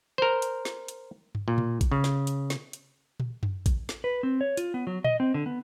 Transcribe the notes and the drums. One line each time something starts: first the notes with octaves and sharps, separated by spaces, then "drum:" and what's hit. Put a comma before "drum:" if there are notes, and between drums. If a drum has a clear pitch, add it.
A#4 C5
drum: hi-hat
drum: snare
drum: hi-hat
drum: tom G2
A#2
drum: tom A#2
drum: kick A1, hi-hat
C#3
drum: snare
drum: hi-hat
drum: snare
drum: hi-hat
drum: tom A#2
drum: tom F#2
drum: kick A1, hi-hat
drum: snare
B4
C4
C#5
F4, drum: hi-hat
B3
F#3
D#5, drum: tom A#2
C4
D3
B3